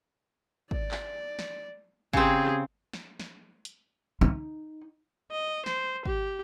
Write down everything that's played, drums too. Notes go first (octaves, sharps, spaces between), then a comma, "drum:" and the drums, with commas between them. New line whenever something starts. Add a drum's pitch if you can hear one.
D5, drum: kick
drum: clap
drum: snare
C#3 C4 G4 G#4, drum: kick
drum: snare
drum: snare
drum: hi-hat
D#4
D#5
C5, drum: snare
G4, drum: kick